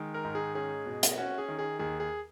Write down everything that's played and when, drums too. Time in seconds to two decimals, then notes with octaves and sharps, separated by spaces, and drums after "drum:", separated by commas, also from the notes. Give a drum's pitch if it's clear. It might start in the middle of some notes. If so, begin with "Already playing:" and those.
Already playing: D#3 G#3
0.14 A#4
0.25 G#2
0.35 G#4
0.55 C#4 G#4
0.86 B2
1.03 drum: hi-hat
1.17 C#4 F#4
1.38 G#4
1.48 D#3
1.59 G#4
1.79 D#2 G#4
2.00 G#4